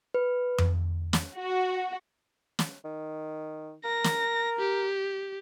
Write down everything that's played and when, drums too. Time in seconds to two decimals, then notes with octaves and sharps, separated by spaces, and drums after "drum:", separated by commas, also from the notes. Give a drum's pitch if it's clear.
0.14 B4
0.58 drum: tom F2
1.13 drum: snare
1.37 F#4
2.59 drum: snare
2.85 D#3
3.85 A#4 A#6
4.04 drum: snare
4.59 G4